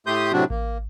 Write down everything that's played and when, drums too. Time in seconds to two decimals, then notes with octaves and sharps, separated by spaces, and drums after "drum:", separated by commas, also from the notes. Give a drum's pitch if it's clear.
0.07 A2 A3 G4 C6 D#6 G6
0.33 A2 C3 F#3 C4 D4 F#4
0.50 A#3, drum: kick A1